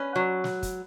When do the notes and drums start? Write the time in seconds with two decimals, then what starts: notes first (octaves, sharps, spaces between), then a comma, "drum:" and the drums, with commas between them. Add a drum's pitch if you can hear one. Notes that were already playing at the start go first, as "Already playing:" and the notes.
Already playing: C#4 B4
0.16 F#3
0.44 drum: snare
0.63 drum: kick, hi-hat